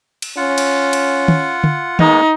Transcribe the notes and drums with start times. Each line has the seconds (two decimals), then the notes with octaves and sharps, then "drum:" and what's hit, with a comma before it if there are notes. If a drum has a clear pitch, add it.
0.22 drum: cymbal
0.37 C#4 F4 F#5
0.58 drum: cymbal
0.93 drum: cymbal
1.28 drum: tom
1.64 drum: tom
1.99 G#3 A#3 B3 D#4, drum: tom